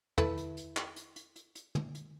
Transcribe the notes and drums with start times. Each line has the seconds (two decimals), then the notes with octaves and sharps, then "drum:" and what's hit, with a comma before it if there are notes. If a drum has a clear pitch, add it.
0.18 E4 A4 B4, drum: tom
0.37 drum: hi-hat
0.57 drum: hi-hat
0.77 drum: clap
0.96 drum: hi-hat
1.16 drum: hi-hat
1.36 drum: hi-hat
1.55 drum: hi-hat
1.75 drum: tom
1.95 drum: hi-hat